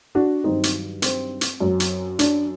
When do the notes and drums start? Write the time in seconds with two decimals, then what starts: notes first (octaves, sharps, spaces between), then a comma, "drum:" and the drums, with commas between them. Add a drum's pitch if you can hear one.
0.15 D4 F#4
0.44 G2 D#3 F#3 C4 D#4
0.63 drum: hi-hat
1.02 C4, drum: hi-hat
1.41 drum: hi-hat
1.60 F#2 F#3
1.80 drum: hi-hat
2.19 D4, drum: hi-hat